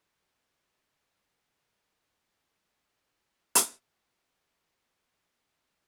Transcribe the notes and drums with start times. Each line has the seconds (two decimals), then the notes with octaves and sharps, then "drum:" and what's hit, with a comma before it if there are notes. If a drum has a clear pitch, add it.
0.09 B1 F5 F#5 D6
0.50 B1 A3 F4
0.94 B1 D#7
1.24 D#3 D#4 C5 B5
1.52 E3 F#3 A#3 C4 E4 A#4
2.73 A3 G#4
3.55 drum: hi-hat
5.39 F4